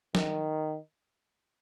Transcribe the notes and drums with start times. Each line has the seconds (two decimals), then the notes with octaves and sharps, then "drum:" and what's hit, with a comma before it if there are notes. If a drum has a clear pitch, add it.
0.15 D#3, drum: snare